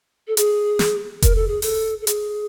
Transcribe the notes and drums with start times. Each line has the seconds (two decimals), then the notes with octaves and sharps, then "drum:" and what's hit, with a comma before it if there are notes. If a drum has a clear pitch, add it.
0.28 A4
0.37 G#4, drum: hi-hat
0.79 drum: snare
1.22 A#4, drum: kick F1, hi-hat
1.35 A4
1.48 G#4
1.62 A4, drum: open hi-hat
2.01 A4
2.07 G#4, drum: hi-hat